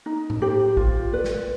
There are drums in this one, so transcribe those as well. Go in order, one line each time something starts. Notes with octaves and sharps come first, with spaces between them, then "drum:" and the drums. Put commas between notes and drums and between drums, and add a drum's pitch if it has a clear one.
D#4
drum: tom A2
G4 C5
F4, drum: kick
B4 D5
drum: snare